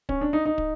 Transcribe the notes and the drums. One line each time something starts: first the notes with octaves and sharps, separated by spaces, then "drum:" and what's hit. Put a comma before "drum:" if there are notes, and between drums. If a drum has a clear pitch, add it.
C#4, drum: kick
D4
D#4
D#4
drum: kick